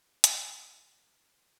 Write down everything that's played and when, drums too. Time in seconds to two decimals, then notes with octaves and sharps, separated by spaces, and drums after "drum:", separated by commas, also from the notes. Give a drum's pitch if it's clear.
0.24 G2 A#4 D5 G#5 F6, drum: hi-hat